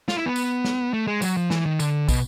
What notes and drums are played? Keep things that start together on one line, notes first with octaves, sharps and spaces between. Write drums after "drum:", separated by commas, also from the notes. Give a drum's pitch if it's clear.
F4, drum: snare
E4
B3
drum: tambourine
drum: snare
A3
G#3
F#3, drum: tambourine
F3
E3, drum: snare
D#3
D3, drum: tambourine
B2, drum: kick, tambourine